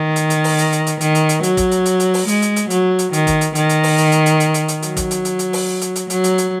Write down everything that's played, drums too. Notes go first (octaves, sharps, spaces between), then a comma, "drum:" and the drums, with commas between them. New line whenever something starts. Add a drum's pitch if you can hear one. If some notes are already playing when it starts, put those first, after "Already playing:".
Already playing: D#3
drum: hi-hat
drum: hi-hat
drum: open hi-hat
drum: hi-hat
drum: hi-hat
drum: hi-hat
D#3, drum: hi-hat
drum: hi-hat
drum: hi-hat
F#3, drum: hi-hat
drum: kick, hi-hat
drum: hi-hat
drum: hi-hat
drum: hi-hat
drum: open hi-hat
G#3, drum: hi-hat
drum: hi-hat
drum: hi-hat
F#3, drum: hi-hat
drum: hi-hat
D#3, drum: hi-hat
drum: kick, hi-hat
drum: hi-hat
D#3, drum: hi-hat
drum: hi-hat
drum: open hi-hat
drum: hi-hat
drum: hi-hat
drum: hi-hat
drum: hi-hat
drum: hi-hat
drum: hi-hat
F#3, drum: hi-hat
drum: kick, hi-hat
drum: hi-hat
drum: hi-hat
drum: hi-hat
drum: open hi-hat
drum: hi-hat
drum: hi-hat
F#3, drum: hi-hat
drum: hi-hat
drum: hi-hat